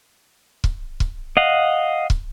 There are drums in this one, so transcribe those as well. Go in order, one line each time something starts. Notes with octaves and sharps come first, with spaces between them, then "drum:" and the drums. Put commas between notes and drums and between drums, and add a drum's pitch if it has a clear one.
drum: kick
drum: kick
D#5 F5 F#5
drum: kick